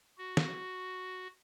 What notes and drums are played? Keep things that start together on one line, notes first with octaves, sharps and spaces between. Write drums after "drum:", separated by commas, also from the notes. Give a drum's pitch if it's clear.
F#4
drum: snare